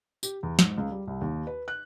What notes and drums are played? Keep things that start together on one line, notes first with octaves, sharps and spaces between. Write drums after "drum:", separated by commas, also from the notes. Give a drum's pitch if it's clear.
G4, drum: tambourine
E2
G#2, drum: snare
C#2
G3
C2
D#2
B4
F#6